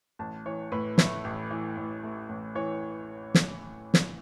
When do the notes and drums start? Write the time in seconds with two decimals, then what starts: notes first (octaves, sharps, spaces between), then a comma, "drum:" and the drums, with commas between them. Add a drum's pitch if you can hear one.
0.19 A1 A5
0.46 E3 C#5
0.72 A2 B4
0.98 A3, drum: snare
1.24 A1
1.51 E3
1.77 A2
2.03 A3
2.29 A1
2.55 E3 C#5
3.35 drum: snare
3.94 drum: snare